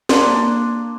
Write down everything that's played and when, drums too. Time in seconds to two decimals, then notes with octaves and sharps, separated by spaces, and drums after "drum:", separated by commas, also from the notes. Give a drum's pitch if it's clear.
0.09 A#3 D4 C6, drum: snare